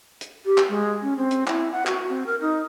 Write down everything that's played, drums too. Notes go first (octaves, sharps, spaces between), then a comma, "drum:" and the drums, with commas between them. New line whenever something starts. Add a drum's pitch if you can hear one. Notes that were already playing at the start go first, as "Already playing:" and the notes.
drum: hi-hat
G4
drum: clap
G#3
C#4
C4
drum: hi-hat
E4, drum: clap
F#5
F#4, drum: clap
C4
A#4
D#4